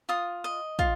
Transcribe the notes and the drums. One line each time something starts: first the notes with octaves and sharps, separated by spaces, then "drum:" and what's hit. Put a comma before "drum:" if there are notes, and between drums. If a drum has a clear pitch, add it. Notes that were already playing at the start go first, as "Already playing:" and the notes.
F4 D#6
D#5
F4, drum: kick